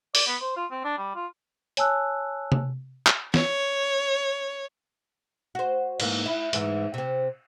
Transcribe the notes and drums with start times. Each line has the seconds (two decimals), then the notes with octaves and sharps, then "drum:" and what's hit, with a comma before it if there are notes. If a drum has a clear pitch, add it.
0.15 D5, drum: open hi-hat
0.27 B3
0.41 C5
0.56 F4
0.71 C4
0.84 D4
0.98 G3
1.16 F4
1.77 C#5 G#5 A5 E6 F#6, drum: hi-hat
2.52 drum: tom C3
3.07 drum: clap
3.34 C#5, drum: snare
5.55 F#4 C5
6.00 G#2 E3 A#3, drum: cymbal
6.26 E4
6.53 G#2 E3, drum: hi-hat
6.94 C3 C4